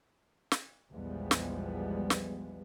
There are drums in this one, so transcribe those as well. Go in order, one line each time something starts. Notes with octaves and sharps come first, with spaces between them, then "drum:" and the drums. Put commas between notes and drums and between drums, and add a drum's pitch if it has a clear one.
drum: snare
A#1 E2 F3 G3 G#3 B3
drum: snare
drum: snare